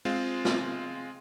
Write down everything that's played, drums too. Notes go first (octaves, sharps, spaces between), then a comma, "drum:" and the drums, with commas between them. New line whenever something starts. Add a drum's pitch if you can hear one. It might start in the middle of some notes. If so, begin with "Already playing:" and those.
G#3 C4 F4
drum: snare